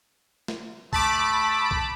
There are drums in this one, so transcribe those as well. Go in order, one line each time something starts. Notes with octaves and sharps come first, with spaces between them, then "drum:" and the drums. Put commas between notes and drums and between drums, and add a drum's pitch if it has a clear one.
drum: snare
A3 A5 B5 D6, drum: kick
drum: kick